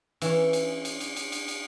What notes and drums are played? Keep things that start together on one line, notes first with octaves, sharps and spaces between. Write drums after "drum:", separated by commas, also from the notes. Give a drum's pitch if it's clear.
E3 C#4, drum: cymbal
drum: cymbal
drum: cymbal
drum: cymbal
drum: cymbal
drum: cymbal
drum: cymbal